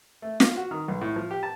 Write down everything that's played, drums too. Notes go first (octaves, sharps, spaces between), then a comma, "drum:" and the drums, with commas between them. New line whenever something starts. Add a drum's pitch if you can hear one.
A3
F4, drum: snare
F#4
D#3
B1
A2
F3
G4
A5